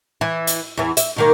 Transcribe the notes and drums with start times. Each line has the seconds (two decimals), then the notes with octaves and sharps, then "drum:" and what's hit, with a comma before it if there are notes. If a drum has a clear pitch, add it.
0.21 E3
0.47 drum: hi-hat
0.77 E2 E3
0.97 E5, drum: hi-hat
1.16 B2 D#3 A#3